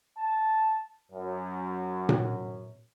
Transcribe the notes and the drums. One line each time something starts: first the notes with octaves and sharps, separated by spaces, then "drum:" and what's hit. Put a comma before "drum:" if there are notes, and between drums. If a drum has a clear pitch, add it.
A5
F#2
drum: tom A#2